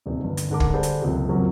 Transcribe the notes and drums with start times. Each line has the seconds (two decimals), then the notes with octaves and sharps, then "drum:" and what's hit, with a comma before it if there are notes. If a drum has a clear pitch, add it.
0.06 D#1 C3 D#4
0.23 G1 G2 B4
0.37 drum: hi-hat
0.50 G#2 D3 A#4 D6
0.60 drum: kick
0.74 D3 G3 D4 G#4 A4 C5
0.83 drum: hi-hat
1.02 F#1 C#2 C3
1.29 C#2 F#2 C3 F3 F#3 A#3